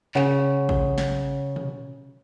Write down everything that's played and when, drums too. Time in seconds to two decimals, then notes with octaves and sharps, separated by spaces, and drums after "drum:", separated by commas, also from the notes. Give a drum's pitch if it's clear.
0.15 C#3 F#5, drum: clap
0.69 drum: kick
0.98 drum: snare
1.56 drum: tom